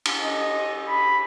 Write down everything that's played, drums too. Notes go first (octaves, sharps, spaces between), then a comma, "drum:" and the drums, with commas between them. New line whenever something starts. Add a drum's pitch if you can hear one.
drum: cymbal
D#5
B5